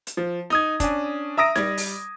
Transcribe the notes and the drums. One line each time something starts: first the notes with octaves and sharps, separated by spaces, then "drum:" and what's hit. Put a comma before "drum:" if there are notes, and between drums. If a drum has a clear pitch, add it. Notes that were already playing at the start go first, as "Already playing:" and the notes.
drum: hi-hat
F3
D#4 D#6 G#6
C#4 D4, drum: kick, hi-hat
E5 A#5 D#6 A#6 D7
G3 G#6, drum: snare D#4
drum: open hi-hat